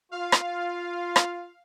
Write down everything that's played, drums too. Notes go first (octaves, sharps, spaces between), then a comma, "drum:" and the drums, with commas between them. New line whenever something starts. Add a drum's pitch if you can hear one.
F4 F5
drum: rim click
drum: rim click